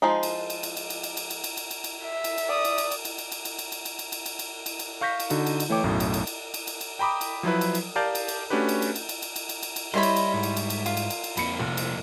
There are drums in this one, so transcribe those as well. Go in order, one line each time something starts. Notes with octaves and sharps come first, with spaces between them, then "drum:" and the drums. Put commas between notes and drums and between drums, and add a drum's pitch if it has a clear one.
F3 G#3 D#4
drum: cymbal
drum: cymbal
drum: cymbal
drum: cymbal
drum: cymbal
drum: cymbal
drum: cymbal
drum: cymbal
drum: cymbal
drum: cymbal
drum: cymbal
drum: cymbal
E5
drum: cymbal
drum: cymbal
D5 D#6
drum: cymbal
drum: cymbal
drum: cymbal
drum: cymbal
drum: cymbal
drum: cymbal
drum: cymbal
drum: cymbal
drum: cymbal
drum: cymbal
drum: cymbal
drum: cymbal
drum: cymbal
drum: cymbal
drum: cymbal
drum: cymbal
F5 C#6 G6 A#6 B6
drum: cymbal
D3 D#4 F#4, drum: cymbal
drum: cymbal
drum: cymbal
E3 A3 C#5 G5 D6
B1 F#2 A2
drum: cymbal
drum: cymbal
drum: cymbal
drum: cymbal
drum: cymbal
drum: cymbal
G5 A#5 B5 D6 D#6
drum: cymbal
F3 F#3 E4 B4
drum: cymbal
drum: cymbal
G4 A#4 D5 F5 A5 G6
drum: cymbal
drum: cymbal
A3 C#4 D4 F#4 G4 B4
drum: cymbal
drum: cymbal
drum: cymbal
drum: cymbal
drum: cymbal
drum: cymbal
drum: cymbal
drum: cymbal
drum: cymbal
G3 E4 C#5 D#5 B5 C6
drum: cymbal
drum: cymbal
G#2
drum: cymbal
drum: cymbal
drum: cymbal
F4, drum: cymbal
drum: cymbal
drum: cymbal
drum: cymbal
F2 A#3 C4 B5 C#7, drum: cymbal
F1
drum: cymbal